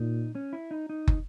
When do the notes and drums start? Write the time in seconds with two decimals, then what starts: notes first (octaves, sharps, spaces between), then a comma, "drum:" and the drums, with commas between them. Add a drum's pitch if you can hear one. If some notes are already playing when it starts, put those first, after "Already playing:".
Already playing: A#2 D#4
0.35 C#4
0.53 E4
0.71 D#4
0.89 D#4
1.08 drum: kick